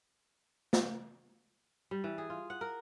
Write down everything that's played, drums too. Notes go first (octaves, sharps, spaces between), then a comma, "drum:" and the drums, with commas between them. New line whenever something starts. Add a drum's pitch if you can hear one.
drum: snare
G3
E3
G#4
F4
F#5
A#4